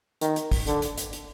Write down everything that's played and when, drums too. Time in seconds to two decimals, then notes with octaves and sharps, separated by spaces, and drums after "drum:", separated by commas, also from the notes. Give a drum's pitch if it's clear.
0.21 D#3, drum: hi-hat
0.36 drum: hi-hat
0.51 drum: kick, open hi-hat
0.67 D3, drum: hi-hat
0.82 drum: hi-hat
0.97 drum: hi-hat
1.13 drum: hi-hat